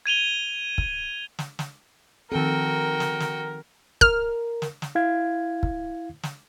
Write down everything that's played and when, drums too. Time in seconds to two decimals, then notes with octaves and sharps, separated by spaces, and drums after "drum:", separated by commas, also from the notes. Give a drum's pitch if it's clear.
0.06 G#6 D#7 F7 G7
0.78 drum: kick
1.39 drum: snare
1.59 drum: snare
2.32 D#3 F3 C4 F#4 A4 A#4 G5
3.00 drum: snare
3.20 drum: snare
4.01 A#4 F6, drum: kick
4.62 drum: snare
4.82 drum: snare
4.95 E4 F5 G#6
5.63 drum: kick
6.23 drum: snare